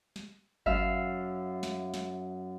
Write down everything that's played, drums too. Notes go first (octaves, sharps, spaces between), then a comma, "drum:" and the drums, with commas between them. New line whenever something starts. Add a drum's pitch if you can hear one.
drum: snare
F#2 E5 F5, drum: kick G1
drum: snare
drum: snare